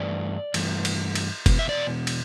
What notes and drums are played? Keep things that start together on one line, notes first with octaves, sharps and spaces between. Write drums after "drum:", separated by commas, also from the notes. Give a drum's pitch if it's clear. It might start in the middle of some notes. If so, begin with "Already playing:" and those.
Already playing: G2 E3 A3 D5
G2 E3 A3, drum: cymbal
drum: cymbal
drum: cymbal
E2 B2, drum: kick F#1, cymbal
E5
D5
drum: cymbal